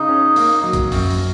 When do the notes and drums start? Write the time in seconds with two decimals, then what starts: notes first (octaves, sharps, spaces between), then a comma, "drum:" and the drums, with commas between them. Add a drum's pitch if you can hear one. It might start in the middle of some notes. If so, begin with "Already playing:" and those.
Already playing: C#3 D#4
0.09 C#4
0.36 A#3, drum: open hi-hat
0.64 F#3
0.73 drum: kick, hi-hat
0.92 F#2, drum: open hi-hat
1.11 drum: open hi-hat